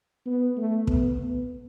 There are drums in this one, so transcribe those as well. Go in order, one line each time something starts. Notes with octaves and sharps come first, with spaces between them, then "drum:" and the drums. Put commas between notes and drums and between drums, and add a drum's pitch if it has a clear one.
B3
A3
B3, drum: kick
B3